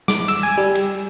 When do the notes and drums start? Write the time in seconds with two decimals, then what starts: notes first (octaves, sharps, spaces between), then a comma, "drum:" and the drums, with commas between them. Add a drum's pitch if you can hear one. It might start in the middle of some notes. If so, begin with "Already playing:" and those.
0.08 D6, drum: snare
0.28 E6, drum: cymbal
0.43 G#5
0.58 G3
0.75 drum: cymbal